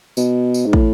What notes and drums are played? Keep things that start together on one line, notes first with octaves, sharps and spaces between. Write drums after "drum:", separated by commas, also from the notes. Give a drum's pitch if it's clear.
B2, drum: tambourine
drum: tambourine
G#2
A2, drum: kick